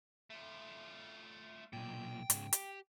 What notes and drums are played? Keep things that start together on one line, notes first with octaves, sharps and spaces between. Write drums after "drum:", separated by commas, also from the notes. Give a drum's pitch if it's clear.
A3 F4
B1 A#2 G5
G#2 C#3, drum: hi-hat
G4, drum: hi-hat